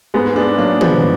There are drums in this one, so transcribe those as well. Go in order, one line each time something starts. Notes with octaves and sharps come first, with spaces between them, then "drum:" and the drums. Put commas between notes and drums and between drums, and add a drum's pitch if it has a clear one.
G#2 G#3 B3
G#3 B3 D4
F#3 A#3 D4
F3 G#3 B3, drum: tom